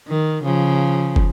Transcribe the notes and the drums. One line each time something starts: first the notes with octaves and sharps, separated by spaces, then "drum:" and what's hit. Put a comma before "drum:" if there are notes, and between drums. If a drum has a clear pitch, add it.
D#3
C#3 F3
drum: kick